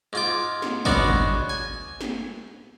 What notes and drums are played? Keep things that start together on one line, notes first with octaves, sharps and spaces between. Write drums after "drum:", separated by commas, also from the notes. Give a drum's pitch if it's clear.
G#2 F4 D6
drum: snare
G#3 B3 C#4 D4 F#4, drum: kick G#1
drum: kick G#1
G#5
drum: snare